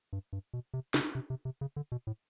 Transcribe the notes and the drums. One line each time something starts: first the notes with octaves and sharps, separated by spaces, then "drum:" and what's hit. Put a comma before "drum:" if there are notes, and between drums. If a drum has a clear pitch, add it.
G2
G2
B2
C3
C#3, drum: snare
C3
C3
C3
C#3
D3
B2
A2